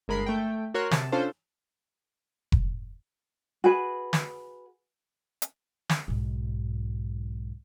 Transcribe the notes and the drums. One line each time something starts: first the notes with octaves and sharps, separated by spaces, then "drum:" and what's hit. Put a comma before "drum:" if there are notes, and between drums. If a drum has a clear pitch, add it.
G1 G#3 A#4 B5 B6 C7
A3 G5
F#4 A#4 C#5 C6 F6 F#6
C3 A5, drum: snare
C#4 D4 F4 A4 C5
drum: kick F1
F#4 G#4 B4
drum: snare
drum: hi-hat
drum: snare
B1 G#2